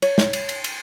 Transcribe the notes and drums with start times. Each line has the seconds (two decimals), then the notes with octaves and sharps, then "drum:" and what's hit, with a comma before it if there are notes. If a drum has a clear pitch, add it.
0.02 C#5, drum: cymbal
0.18 drum: snare
0.33 drum: cymbal
0.49 drum: cymbal
0.64 drum: cymbal